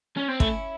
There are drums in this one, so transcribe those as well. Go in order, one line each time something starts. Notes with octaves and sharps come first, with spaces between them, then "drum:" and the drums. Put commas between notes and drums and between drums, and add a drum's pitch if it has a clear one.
C#4
C4
A3 C#4 E4, drum: kick